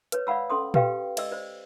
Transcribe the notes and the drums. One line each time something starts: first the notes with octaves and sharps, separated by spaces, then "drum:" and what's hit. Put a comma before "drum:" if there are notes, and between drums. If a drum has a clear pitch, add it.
B4 C#5, drum: hi-hat
D5 F5 F#5 B5 E6
C#4 A4 C6 D#6
G4 B4 F5 G5, drum: tom A#2
D5 D#5 E6, drum: cymbal
C5 D5